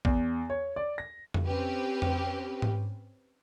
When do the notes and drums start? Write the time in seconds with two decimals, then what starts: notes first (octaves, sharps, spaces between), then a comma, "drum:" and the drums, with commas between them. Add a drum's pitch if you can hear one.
0.05 E2, drum: kick
0.50 C#5
0.76 D5
0.98 A#6
1.34 drum: tom F2
1.46 C4 C#4 G4 B4
2.02 drum: tom F2
2.62 drum: tom G#2